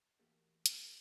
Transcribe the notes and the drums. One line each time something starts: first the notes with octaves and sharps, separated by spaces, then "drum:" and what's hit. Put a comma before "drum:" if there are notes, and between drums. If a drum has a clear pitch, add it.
E3 A3 A#3 F#4 G4 A4
D3 G#3 A#3, drum: hi-hat